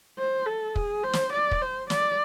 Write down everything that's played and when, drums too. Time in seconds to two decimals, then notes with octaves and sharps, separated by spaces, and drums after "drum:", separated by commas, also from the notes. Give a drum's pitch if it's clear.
0.19 C5
0.46 A4
0.76 G#4, drum: kick
1.04 C5
1.13 drum: snare
1.33 D5
1.51 drum: kick
1.62 C5
1.90 D5, drum: snare